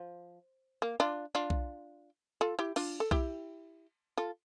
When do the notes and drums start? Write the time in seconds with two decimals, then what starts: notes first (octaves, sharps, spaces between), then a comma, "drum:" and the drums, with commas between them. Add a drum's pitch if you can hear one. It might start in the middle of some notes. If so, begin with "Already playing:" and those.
Already playing: F3
0.82 A#3
1.00 D4 F4
1.35 D4 F4
1.50 drum: kick B1
2.41 F4 A4
2.59 E4 G4
2.76 D4 F4, drum: cymbal
3.00 A4
3.11 E4 G4, drum: kick B1
4.17 F4 A4